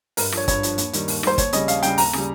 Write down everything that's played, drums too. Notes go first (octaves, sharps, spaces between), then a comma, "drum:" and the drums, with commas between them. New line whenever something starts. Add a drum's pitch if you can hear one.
G2 A#4, drum: open hi-hat
F3 C#5, drum: rim click
G2 C#5, drum: kick, hi-hat
F3, drum: hi-hat
D#2, drum: hi-hat
D#3 G3, drum: hi-hat
D#2, drum: open hi-hat
D#3 G3 C5, drum: rim click
D#2 C#5, drum: kick, hi-hat
C#3 G3 D#5, drum: hi-hat
D#2 F5, drum: hi-hat
C#3 G3 G5, drum: hi-hat
D#2 A#5, drum: open hi-hat
C#3 G3, drum: rim click